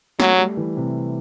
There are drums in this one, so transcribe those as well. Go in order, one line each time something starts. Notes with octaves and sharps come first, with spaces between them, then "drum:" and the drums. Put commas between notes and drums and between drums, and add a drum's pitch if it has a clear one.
F#3 A3, drum: snare
G3
E3
C3